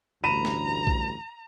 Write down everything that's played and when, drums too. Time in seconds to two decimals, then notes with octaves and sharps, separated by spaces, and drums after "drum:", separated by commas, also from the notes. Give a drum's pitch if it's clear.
0.24 A1 D2 G2 A#5 B5 D#7 E7
0.45 drum: snare
0.87 drum: kick B1